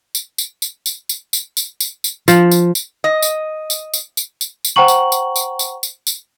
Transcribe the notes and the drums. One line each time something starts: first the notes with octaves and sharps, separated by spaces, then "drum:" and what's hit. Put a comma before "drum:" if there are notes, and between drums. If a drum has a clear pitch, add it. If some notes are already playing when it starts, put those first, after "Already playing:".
drum: tambourine
drum: tambourine
drum: tambourine
drum: tambourine
drum: tambourine
drum: tambourine
drum: tambourine
drum: tambourine
drum: tambourine
F3, drum: tambourine
drum: tambourine
drum: tambourine
D#5
drum: tambourine
drum: tambourine
drum: tambourine
drum: tambourine
drum: tambourine
drum: tambourine
C5 F#5 G5 A#5 C#6 F#7
drum: tambourine
drum: tambourine
drum: tambourine
drum: tambourine
drum: tambourine
drum: tambourine